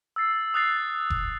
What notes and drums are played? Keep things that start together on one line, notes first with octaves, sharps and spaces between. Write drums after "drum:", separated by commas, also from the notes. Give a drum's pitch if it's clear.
E6 A6 C7
D#6 F#6 A6 C7
drum: kick F1